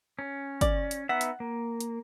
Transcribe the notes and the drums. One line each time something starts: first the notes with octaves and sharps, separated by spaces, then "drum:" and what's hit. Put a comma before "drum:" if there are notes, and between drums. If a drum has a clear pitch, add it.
C#4
D5, drum: kick, hi-hat
drum: hi-hat
B3 D#4 E5 F#5
drum: hi-hat
A#3
drum: hi-hat